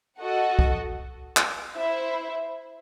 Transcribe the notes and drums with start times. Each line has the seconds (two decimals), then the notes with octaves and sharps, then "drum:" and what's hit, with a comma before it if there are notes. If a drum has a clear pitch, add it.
0.20 F#4 A4 D#5 F#5
0.59 drum: kick
1.37 drum: clap
1.75 E4 C5 E5